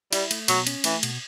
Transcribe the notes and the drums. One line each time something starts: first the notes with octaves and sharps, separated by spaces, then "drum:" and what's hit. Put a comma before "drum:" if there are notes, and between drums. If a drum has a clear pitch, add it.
G3 E4, drum: cymbal
A3, drum: cymbal
B2 F#3, drum: cymbal
C#4, drum: cymbal
E3 A3, drum: cymbal
B2, drum: cymbal